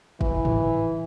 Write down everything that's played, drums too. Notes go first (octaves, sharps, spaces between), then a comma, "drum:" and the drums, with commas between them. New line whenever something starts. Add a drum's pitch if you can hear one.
E3, drum: kick
drum: tom G#2